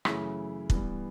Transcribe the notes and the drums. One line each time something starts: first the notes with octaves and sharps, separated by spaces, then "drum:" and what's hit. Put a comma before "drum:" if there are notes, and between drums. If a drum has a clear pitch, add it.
F#2 C#3 E3 A3 E4, drum: rim click
G2 E3 B3, drum: kick